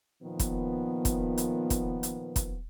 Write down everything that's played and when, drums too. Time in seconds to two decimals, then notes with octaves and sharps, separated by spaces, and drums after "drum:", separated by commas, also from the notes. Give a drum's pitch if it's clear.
0.23 A#2 D#3 F3 B3
0.39 drum: kick, hi-hat
1.05 drum: kick, hi-hat
1.38 drum: hi-hat
1.70 drum: kick, hi-hat
2.03 drum: hi-hat
2.36 drum: kick, hi-hat